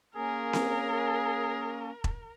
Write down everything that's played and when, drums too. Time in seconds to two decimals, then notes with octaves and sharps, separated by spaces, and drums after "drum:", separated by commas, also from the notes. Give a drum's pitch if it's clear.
0.16 A#3 C#4 G#4 A#4
0.53 drum: snare C4
2.04 drum: kick E1